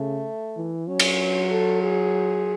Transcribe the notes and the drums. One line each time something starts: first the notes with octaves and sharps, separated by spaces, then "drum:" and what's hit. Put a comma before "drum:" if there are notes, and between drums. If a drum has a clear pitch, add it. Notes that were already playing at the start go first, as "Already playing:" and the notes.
Already playing: C#3 A3
E3
F#3 C#4
drum: cymbal
A4
G#4